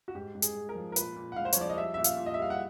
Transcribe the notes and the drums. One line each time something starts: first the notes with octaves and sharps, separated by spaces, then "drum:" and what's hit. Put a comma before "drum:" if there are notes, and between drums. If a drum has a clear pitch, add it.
F#4
G#2 G4
G#2
G#4, drum: hi-hat
G#3
A#4
F3
A#4
A#2 B4, drum: hi-hat
A#2
F#5
G#3 F5
C5
C#5, drum: hi-hat
F3 D5
D#5
G3 E5
A#2 E5
F5, drum: hi-hat
A#2
D#5
E5
G3 F5
F#5